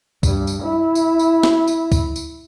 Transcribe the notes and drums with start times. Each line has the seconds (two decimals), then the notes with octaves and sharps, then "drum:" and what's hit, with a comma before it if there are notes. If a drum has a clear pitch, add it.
0.23 G2, drum: kick, tambourine
0.47 drum: tambourine
0.62 E4
0.95 drum: tambourine
1.19 drum: tambourine
1.43 drum: snare
1.68 drum: tambourine
1.92 drum: kick, tambourine
2.16 drum: tambourine